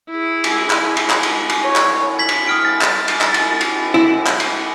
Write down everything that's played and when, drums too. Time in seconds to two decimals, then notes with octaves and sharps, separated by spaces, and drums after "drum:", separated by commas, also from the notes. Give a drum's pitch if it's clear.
0.10 E4 G#4
0.44 drum: cymbal
0.70 drum: clap
0.97 drum: cymbal
1.10 drum: clap
1.23 drum: cymbal
1.49 drum: cymbal
1.63 C#5
1.76 drum: clap
2.19 G#6 B6 F#7
2.29 drum: cymbal
2.47 D#6 F6 D7
2.65 A6
2.81 drum: clap
3.08 drum: cymbal
3.21 drum: clap
3.34 drum: cymbal
3.61 drum: cymbal
3.94 E4
4.27 drum: clap
4.40 drum: cymbal